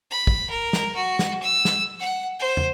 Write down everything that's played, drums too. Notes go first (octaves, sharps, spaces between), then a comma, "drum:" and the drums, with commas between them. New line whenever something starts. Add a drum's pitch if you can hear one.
B5
drum: kick
A#4
drum: snare
F#4
drum: snare
E6
drum: snare
F#5
C5
drum: tom